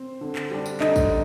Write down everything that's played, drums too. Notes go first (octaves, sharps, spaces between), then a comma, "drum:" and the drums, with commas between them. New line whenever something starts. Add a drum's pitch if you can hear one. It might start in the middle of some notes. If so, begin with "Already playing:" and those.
Already playing: C4 C5
D3
drum: clap
G3 D4
drum: tambourine
D3 D#4 D#5, drum: clap
drum: kick, tambourine